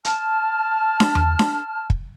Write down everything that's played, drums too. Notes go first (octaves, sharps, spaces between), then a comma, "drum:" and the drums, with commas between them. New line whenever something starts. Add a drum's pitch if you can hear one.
A5 F6, drum: hi-hat
drum: snare D4
drum: tom E2
drum: snare D4
drum: kick